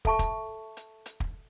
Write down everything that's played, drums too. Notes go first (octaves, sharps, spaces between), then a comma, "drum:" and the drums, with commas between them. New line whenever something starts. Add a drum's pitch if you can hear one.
A4 E5 A5 C#6, drum: kick
drum: kick, hi-hat
drum: hi-hat
drum: hi-hat
drum: kick